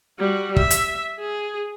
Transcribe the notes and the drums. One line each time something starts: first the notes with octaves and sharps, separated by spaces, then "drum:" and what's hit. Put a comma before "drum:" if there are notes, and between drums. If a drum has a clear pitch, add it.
G3 F#4
E5, drum: kick
drum: hi-hat
G#4